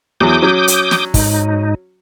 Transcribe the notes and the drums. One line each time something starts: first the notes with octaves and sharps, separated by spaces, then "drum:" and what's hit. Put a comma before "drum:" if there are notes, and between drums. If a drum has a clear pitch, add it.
E2 F#3 D6 D#6 G6
F#3 C#4
drum: hi-hat
drum: snare
G#2 D#4, drum: kick, open hi-hat